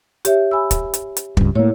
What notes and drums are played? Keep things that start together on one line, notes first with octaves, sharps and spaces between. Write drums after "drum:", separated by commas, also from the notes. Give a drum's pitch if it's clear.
G4 C#5 E5, drum: hi-hat
G#5 B5 E6
drum: kick, hi-hat
drum: hi-hat
drum: hi-hat
C#2 G2, drum: kick
A2 A#3 E4 C#5